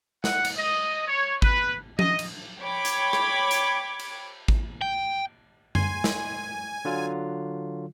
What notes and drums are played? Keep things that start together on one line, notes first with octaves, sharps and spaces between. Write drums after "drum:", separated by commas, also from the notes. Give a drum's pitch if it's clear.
F#5, drum: snare
drum: cymbal
D#5
C#5
B4, drum: kick G#1
D#5, drum: tom F3
drum: cymbal
C#5 G5 B5 D6 G#6
drum: hi-hat
drum: rim click
drum: hi-hat
drum: cymbal
drum: kick G#1
G5
G#5 C6 C7, drum: tom F#2
drum: snare
D3 F#3 F4